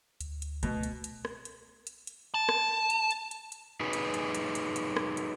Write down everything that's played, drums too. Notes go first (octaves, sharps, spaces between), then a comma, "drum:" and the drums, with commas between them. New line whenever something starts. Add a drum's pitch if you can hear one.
D2, drum: hi-hat
drum: hi-hat
C#2 B2 A3, drum: hi-hat
drum: hi-hat
drum: hi-hat
drum: rim click
drum: hi-hat
drum: hi-hat
drum: hi-hat
A5
drum: rim click
drum: hi-hat
drum: hi-hat
drum: hi-hat
drum: hi-hat
D#4 F#4 G#4 B4
drum: hi-hat
drum: hi-hat
drum: hi-hat
drum: hi-hat
drum: hi-hat
drum: rim click
drum: hi-hat